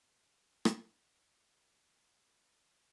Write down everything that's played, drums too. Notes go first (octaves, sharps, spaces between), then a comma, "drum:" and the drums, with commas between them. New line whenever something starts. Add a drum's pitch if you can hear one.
drum: rim click
E4